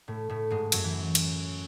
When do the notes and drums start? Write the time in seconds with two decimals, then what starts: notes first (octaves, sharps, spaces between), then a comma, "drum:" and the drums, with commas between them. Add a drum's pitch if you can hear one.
0.08 A2 A3
0.29 A2 A3
0.50 G#2 G#3
0.72 F#2 F#3, drum: cymbal
0.84 E3
1.15 drum: cymbal